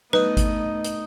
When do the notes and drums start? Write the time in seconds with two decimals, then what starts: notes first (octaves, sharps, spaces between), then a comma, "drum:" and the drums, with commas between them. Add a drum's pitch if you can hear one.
0.13 A3 B3 D#4 B4 D#5, drum: snare
0.37 drum: kick G#1, hi-hat
0.84 drum: hi-hat